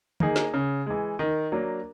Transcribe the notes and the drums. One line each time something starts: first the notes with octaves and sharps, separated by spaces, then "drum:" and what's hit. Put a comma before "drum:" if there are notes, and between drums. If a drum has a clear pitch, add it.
A#3 D#4 G#4, drum: tom D3
drum: snare
C#3
E3 G#3
D#3
F#3 A#3 D4